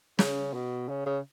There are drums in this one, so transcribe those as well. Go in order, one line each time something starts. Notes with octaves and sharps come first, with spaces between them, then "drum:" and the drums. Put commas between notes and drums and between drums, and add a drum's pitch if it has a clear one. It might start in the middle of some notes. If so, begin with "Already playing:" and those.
C#3, drum: snare
B2
C#3
C#3